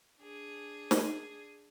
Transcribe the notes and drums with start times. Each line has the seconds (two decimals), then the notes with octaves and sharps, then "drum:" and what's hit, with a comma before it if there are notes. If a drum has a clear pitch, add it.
0.19 D4 G#4
0.91 drum: snare